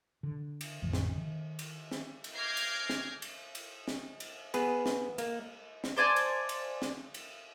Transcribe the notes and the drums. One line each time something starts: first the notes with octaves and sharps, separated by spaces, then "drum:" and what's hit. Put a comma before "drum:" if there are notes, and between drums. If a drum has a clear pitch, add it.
D3
drum: cymbal
A1 F2 D3 F3
drum: snare
D#3
drum: cymbal
drum: snare
drum: cymbal
D6 F6 G6 G#6 A#6 C7
drum: cymbal
drum: snare
drum: cymbal
drum: cymbal
drum: snare
drum: cymbal
B3 G#4 B4, drum: cymbal
drum: snare
A#3, drum: cymbal
drum: snare
C5 D5 G#5 A5
drum: cymbal
drum: cymbal
drum: snare
drum: cymbal